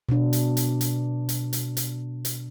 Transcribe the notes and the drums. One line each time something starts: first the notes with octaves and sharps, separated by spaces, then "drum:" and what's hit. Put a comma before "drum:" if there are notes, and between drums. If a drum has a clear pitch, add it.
B2 D4
drum: hi-hat
drum: hi-hat
drum: hi-hat
drum: hi-hat
drum: hi-hat
drum: hi-hat
drum: hi-hat